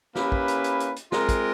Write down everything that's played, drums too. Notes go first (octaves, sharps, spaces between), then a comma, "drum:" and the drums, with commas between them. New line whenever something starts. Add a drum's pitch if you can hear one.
A#3 C#4 E4 G4 B4, drum: snare
drum: kick
drum: hi-hat
drum: hi-hat
drum: hi-hat
drum: hi-hat
G#3 C4 F4 A#4, drum: snare
drum: kick, hi-hat